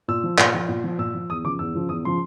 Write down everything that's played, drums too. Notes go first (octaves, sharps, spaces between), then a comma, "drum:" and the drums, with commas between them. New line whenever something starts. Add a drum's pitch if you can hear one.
A#2 E6
F3
A#2, drum: clap
F3
A#2
F3
A#2 E6
F3
E2 D#6
C#3 F3 D6
E2 E6
C#3 F3
E2 D#6
C#3 F3 C6